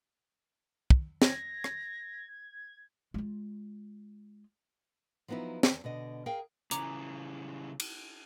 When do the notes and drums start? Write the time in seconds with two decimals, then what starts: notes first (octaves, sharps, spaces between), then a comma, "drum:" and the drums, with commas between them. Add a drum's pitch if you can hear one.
0.90 drum: kick
1.22 G#6 A#6, drum: snare
1.64 drum: rim click
3.14 G#3 F4
5.28 F3 F#3 B3 D#4 E4
5.63 E2, drum: snare
5.84 B2 D3 D#5
6.26 G#4 A#4 F5 G5
6.71 C#3 E3 A#5 D6, drum: hi-hat
7.80 drum: cymbal